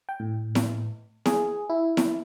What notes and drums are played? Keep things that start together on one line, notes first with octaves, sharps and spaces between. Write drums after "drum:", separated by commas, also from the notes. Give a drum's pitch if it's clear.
G5
A2
drum: snare E4
G#4, drum: snare E4
E4
drum: snare E4